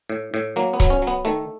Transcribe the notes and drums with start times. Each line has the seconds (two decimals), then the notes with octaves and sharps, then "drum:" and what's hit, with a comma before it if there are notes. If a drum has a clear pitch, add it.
0.10 A2
0.34 A2
0.56 F#3 A#3
0.73 B3
0.80 F#3, drum: kick C#1
0.90 C#4
1.02 F#3
1.07 B3
1.25 D#3 A3